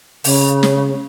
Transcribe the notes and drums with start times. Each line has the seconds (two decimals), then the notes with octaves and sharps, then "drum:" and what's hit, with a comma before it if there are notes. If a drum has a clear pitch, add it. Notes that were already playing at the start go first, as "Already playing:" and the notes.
0.24 C#3, drum: open hi-hat
0.63 drum: snare